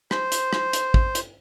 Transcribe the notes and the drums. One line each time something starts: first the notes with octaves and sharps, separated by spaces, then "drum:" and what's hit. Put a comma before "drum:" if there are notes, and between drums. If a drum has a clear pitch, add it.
C5, drum: rim click
drum: hi-hat
drum: rim click
drum: hi-hat
drum: kick
drum: hi-hat